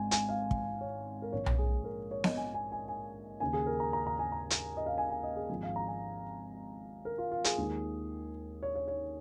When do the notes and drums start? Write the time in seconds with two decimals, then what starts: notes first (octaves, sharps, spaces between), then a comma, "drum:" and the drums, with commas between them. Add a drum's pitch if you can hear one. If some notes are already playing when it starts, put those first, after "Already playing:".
Already playing: G#1 G#2 G#3 G#5
0.11 G#5, drum: hi-hat
0.29 F5
0.51 drum: kick
0.81 C#5
1.22 A#4
1.33 A#1 G#2 G#3 C#5
1.46 drum: tom B1
1.59 G#4
1.84 A#4
2.11 C#5
2.24 D#5, drum: snare B3
2.37 G#5
2.54 G#5
2.72 G#5
2.88 G#5
3.40 D#2 C#3 A#3 G#5
3.53 G#4
3.66 A#4
3.80 A#5
3.93 A#5
4.07 A#5
4.19 G#5
4.32 A#5
4.50 drum: hi-hat
4.77 D#5
4.86 F5
4.98 G#5
5.10 G#5
5.24 D#5
5.36 G#4
5.49 G#1 G#2 F3 G#3 G#4
5.63 F5
5.76 A#5
5.88 G#5
7.05 A#4
7.18 F4
7.32 F4
7.44 G#4, drum: hi-hat
7.58 D#2 D#3 G#3
8.63 C#5
8.75 C#5
8.88 C#5